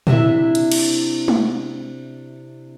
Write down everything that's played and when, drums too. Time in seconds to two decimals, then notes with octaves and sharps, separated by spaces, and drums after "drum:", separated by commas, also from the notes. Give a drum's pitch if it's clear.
0.07 C3 D4 E4 E5, drum: tom A#2
0.55 drum: hi-hat
0.72 drum: cymbal
1.28 drum: tom G#3